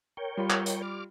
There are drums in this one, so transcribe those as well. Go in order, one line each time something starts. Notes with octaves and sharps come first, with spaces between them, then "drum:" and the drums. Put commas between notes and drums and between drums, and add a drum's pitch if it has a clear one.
A#4 C#5 G5
G3 F4 B5
drum: clap
drum: hi-hat
D6 F6